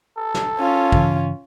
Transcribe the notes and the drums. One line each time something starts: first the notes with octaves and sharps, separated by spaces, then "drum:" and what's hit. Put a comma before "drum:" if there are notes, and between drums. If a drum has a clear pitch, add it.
A4
drum: snare
C#4 F4
G2 C#3 E3, drum: kick